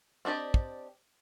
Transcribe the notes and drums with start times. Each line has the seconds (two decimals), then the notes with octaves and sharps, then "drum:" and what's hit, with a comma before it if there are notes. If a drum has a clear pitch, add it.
0.25 C4 D4 G4 D5 D#5
0.54 drum: kick